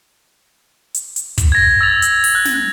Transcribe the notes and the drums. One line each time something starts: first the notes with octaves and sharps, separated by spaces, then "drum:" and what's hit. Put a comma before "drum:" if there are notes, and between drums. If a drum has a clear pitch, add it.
drum: hi-hat
drum: hi-hat
drum: kick, hi-hat
G#6 A#6
E6 A6 F7
drum: hi-hat
drum: open hi-hat
F#6
drum: snare